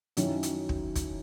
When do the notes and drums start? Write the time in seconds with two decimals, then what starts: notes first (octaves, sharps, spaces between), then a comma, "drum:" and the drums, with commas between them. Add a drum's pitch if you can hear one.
0.17 F#2 D#3 F#3 C#4 E4, drum: hi-hat
0.43 drum: hi-hat
0.69 drum: kick
0.95 drum: kick, hi-hat